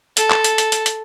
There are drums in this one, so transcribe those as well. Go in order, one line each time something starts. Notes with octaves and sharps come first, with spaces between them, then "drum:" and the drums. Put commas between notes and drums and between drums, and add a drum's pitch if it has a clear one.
A4, drum: hi-hat
drum: clap
drum: hi-hat
drum: hi-hat
drum: hi-hat
drum: hi-hat